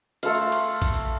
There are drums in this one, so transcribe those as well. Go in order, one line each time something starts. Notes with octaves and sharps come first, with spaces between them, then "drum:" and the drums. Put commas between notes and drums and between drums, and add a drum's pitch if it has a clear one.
A3 A4 C5 F5, drum: cymbal
drum: cymbal
drum: kick A#1, cymbal